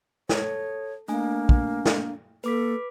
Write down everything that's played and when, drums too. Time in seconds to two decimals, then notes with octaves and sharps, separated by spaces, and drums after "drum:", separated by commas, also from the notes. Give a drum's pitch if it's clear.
0.29 A4 C#5, drum: snare
1.08 A3 A#3 D4 G#5
1.49 drum: kick
1.85 drum: snare
2.44 A#3 A4 B4 D6 B6